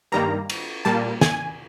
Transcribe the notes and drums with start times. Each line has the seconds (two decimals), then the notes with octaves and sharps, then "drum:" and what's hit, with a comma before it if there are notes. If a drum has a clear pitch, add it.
0.12 G2 D#3 G3 A#3 A#5
0.50 drum: cymbal
0.85 A#2 G3 A#3 A5
1.21 G#5, drum: snare